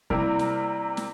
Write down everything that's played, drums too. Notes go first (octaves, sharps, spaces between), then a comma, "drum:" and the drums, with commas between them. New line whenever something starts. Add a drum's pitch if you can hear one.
C3 G3 A#3 E4 A#4, drum: kick
drum: snare
drum: snare